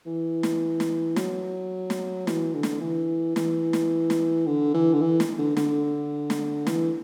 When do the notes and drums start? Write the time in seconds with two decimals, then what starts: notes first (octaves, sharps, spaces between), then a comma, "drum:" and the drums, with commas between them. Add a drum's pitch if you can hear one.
0.06 E3
0.43 drum: snare
0.80 drum: snare
1.16 F#3, drum: snare
1.90 drum: snare
2.27 E3, drum: snare
2.54 D3
2.63 drum: snare
2.81 E3
3.36 E3, drum: snare
3.73 drum: snare
4.10 drum: snare
4.46 D3
4.74 E3
4.94 D3
5.01 E3
5.20 drum: snare
5.39 D3
5.57 D3, drum: snare
6.30 drum: snare
6.67 E3, drum: snare